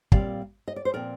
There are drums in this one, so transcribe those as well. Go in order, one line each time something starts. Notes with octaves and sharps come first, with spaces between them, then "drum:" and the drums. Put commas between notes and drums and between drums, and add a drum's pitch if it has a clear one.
A#2 G3 C4 D5 F5, drum: kick
D#5
D5
C5
A#2 F3 C4 A#4 D5